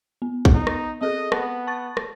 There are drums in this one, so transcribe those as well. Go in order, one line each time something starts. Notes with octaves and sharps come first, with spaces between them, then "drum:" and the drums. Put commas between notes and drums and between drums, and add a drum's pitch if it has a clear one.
B3
drum: kick
D#4
drum: rim click
C4 G#4 A4 D#5
B3 A5, drum: rim click
A5 C#6 A6
drum: rim click